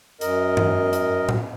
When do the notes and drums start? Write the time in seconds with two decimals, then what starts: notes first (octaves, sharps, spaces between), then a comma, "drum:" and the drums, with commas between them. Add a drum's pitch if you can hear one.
0.21 F#2 A#4 D#5, drum: hi-hat
0.57 drum: tom G2
0.93 drum: hi-hat
1.29 drum: tom A2